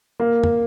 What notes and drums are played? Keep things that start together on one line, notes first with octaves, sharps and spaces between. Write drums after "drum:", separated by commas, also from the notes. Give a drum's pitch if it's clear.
A#3
drum: tom